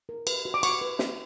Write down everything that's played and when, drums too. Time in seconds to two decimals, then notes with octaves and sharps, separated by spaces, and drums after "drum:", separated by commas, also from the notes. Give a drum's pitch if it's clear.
0.09 A#4
0.27 B4, drum: cymbal
0.45 F#4
0.54 D6
0.63 F#4 C#6, drum: cymbal
0.81 B4
0.99 F#4, drum: snare